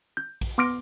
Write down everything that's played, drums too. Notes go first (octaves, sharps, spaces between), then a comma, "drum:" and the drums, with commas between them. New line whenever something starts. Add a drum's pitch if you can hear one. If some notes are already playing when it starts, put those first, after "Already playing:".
G6
drum: kick A#1, cymbal
B3 C6 D6 F6 A#6 D7